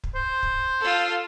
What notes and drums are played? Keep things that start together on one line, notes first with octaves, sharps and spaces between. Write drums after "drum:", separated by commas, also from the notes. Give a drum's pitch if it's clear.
drum: kick
C5
drum: kick
F4 A4